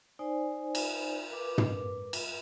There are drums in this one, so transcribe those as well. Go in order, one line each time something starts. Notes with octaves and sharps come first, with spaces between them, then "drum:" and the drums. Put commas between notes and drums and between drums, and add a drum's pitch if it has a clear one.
D#4 C5 D5 G#5
drum: cymbal
A#4 B4 D6
drum: tom
drum: cymbal